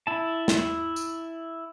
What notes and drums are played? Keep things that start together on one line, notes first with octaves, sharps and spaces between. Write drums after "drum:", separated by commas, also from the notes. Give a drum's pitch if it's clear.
E4 A5
drum: snare
drum: tambourine